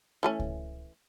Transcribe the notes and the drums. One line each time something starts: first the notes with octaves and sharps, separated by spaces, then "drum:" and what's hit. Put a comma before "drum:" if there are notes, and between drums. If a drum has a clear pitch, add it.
E3 A3 C#4
drum: kick C#2